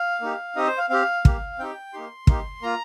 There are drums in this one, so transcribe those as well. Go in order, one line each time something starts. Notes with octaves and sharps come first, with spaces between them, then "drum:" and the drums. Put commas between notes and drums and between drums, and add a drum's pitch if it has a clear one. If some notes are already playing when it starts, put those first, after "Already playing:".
Already playing: F5
A#3 D#4 G4
C4 D#4 G4 D#5
C5
F5
C4 G4 F5
A#3 G4, drum: kick
C4 D#4 G4 G5
A#3 D#4 G4 C6
A#3 D#4 G4, drum: kick
A#3 F4 A#5